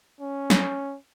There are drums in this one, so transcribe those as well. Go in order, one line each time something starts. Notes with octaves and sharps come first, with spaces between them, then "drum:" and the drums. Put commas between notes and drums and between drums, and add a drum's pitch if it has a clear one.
C#4
drum: snare